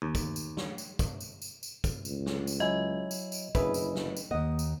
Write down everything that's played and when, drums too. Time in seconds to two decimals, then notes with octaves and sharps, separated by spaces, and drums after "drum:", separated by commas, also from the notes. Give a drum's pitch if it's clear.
0.02 D#2
0.15 drum: kick, tambourine
0.36 drum: tambourine
0.57 drum: snare
0.78 drum: tambourine
0.99 drum: kick, tambourine
1.20 drum: tambourine
1.42 drum: tambourine
1.63 drum: tambourine
1.84 drum: kick, tambourine
2.05 C#2, drum: tambourine
2.26 drum: snare
2.47 drum: tambourine
2.60 F#3 E4 D#5 G#5
3.11 drum: tambourine
3.32 drum: tambourine
3.55 F#1 D4 E4 G#4 B4, drum: kick, tambourine
3.74 drum: tambourine
3.95 drum: snare
4.17 drum: tambourine
4.31 D#2 A#3 D#5 F#5
4.59 drum: tambourine